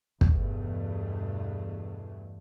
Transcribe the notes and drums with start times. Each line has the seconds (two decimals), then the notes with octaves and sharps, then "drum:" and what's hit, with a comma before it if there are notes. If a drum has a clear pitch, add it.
0.21 E2 G2 B2 E3 A3, drum: kick